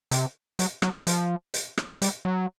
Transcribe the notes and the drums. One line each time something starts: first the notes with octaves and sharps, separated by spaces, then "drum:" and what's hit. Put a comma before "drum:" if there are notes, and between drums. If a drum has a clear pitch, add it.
C3, drum: hi-hat
F#3, drum: hi-hat
F#3, drum: rim click
F3, drum: hi-hat
drum: hi-hat
drum: rim click
G3, drum: hi-hat
F#3